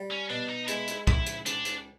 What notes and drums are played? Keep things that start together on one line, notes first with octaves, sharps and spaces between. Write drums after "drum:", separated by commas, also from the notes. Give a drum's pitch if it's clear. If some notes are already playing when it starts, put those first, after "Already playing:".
Already playing: G3
C#4
B2 D4
D#4
G#3 E4, drum: hi-hat
drum: hi-hat
C#2 E4, drum: kick
drum: hi-hat
C#2 D4, drum: hi-hat
drum: hi-hat